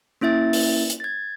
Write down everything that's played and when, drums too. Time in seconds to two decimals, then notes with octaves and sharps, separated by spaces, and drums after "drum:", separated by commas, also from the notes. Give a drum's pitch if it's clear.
0.21 A#3 C#4 E4 E5 A6
0.53 drum: open hi-hat
0.90 drum: hi-hat
1.00 G#6 A6